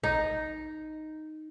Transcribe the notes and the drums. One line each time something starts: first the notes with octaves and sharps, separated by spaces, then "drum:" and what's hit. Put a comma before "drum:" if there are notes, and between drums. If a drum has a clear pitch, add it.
D#4, drum: kick